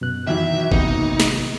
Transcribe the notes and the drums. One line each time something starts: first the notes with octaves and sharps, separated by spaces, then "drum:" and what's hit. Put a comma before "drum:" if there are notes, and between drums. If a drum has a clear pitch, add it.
F#2 B2 F#6
D#3 E3 F#3 E5
C3 A#3 B3 D#4, drum: kick G#1
drum: snare